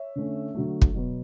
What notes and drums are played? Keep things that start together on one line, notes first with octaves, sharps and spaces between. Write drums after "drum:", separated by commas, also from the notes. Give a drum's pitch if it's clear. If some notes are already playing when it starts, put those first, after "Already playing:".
Already playing: C#5 E5
D3 A3 C#4
D3 F#3 A3
drum: kick
B2 F#3 B3